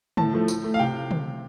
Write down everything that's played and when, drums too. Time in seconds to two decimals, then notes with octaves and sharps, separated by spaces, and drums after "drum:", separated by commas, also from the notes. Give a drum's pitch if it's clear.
0.17 A2 A5, drum: tom
0.33 F3 A3
0.48 A2, drum: tambourine
0.64 A3
0.74 F5
0.79 C3 G5
1.11 drum: tom